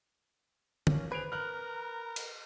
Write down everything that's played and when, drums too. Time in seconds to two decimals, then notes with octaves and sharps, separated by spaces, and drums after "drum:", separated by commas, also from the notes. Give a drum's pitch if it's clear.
0.87 A#3 C#4, drum: tom
1.12 G#4 B4 C5 F#6 D7 F7
1.32 A#4 A#5 F6 F#6
2.16 drum: cymbal